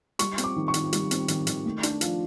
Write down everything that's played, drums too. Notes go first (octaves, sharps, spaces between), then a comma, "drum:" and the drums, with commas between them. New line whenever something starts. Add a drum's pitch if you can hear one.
G3 C#6, drum: hi-hat
C4, drum: hi-hat
D6
D#3
C#6
D#3, drum: hi-hat
G3, drum: hi-hat
C4, drum: hi-hat
D#3, drum: hi-hat
D#3, drum: hi-hat
A3
D4, drum: hi-hat
F3, drum: hi-hat